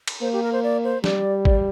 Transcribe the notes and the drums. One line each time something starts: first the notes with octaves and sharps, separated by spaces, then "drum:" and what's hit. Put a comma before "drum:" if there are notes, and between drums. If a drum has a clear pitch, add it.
drum: cymbal
A#3 C5
G4
A#4
C5
D5
C5
G3 D5, drum: snare
D5, drum: kick